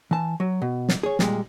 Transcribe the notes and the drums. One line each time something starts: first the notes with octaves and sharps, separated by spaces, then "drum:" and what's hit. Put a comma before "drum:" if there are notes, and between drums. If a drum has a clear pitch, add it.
E3 A5
F#3
B2
drum: snare
G#4 C#5
A#2 G3 G#3, drum: snare